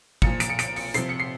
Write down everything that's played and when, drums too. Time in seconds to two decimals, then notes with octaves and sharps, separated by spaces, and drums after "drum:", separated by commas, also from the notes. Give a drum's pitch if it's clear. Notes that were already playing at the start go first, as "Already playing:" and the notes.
0.22 A#2 F3 C#7, drum: kick
0.40 D7, drum: hi-hat
0.50 C#7
0.59 D7, drum: hi-hat
0.76 C#7, drum: open hi-hat
0.94 C3 F3 C7, drum: hi-hat
1.09 C#7
1.20 C7